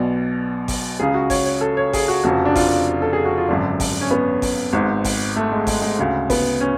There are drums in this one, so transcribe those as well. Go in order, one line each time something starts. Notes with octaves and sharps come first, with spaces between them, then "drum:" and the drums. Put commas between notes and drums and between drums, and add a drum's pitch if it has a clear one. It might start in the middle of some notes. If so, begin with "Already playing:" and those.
Already playing: B1 B2 D5
drum: kick G#1, open hi-hat
C#2 C#3 G#4
F#4
C#5, drum: kick G#1, open hi-hat
C#5
A4
C#5
G#4, drum: kick G#1, open hi-hat
F#4
F1 F2 C#3 F#4
D4
F4, drum: kick G#1, open hi-hat
A4
G#4
F#4
F4
G#1 F#2 D3 D4
drum: kick G#1, open hi-hat
C#4
B3
drum: kick G#1, open hi-hat
G#1 G#2
drum: kick G#1, open hi-hat
A3
G#3
G#3, drum: kick G#1, open hi-hat
G#3
D2 C#3
B3, drum: kick G#1, open hi-hat
C#4